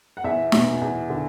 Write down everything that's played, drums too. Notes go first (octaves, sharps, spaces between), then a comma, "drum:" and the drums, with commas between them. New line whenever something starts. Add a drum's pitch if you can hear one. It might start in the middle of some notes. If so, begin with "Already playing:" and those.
F#5
E2 E5
B2, drum: snare
E2
D3